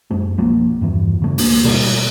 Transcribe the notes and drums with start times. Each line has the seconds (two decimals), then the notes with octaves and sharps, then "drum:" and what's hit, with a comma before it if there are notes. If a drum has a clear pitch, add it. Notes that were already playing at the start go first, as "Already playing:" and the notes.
0.11 F#2 G#3 A3
0.38 B1 F3 A#3
0.81 E2 G2 E3
1.22 C#3 A3
1.38 D2 D3 A#3, drum: open hi-hat
1.64 B2 G3 A3, drum: cymbal